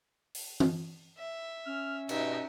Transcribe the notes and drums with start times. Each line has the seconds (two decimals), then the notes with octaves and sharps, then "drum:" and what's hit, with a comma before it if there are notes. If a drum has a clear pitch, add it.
0.35 drum: open hi-hat
0.60 drum: tom
1.18 E5
1.66 C#4 F6
2.09 G2 B2 D#4 E5, drum: cymbal